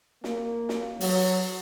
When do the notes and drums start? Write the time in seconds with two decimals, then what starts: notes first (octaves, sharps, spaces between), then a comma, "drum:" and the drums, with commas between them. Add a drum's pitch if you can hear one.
0.24 A#3, drum: snare
0.69 drum: snare
1.01 F#3, drum: open hi-hat